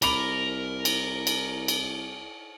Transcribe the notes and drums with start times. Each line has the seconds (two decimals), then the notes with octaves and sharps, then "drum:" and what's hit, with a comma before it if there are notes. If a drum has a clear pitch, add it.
0.02 C2 A#4 B5 D6 F7, drum: cymbal
0.85 drum: cymbal
1.27 drum: cymbal
1.68 drum: cymbal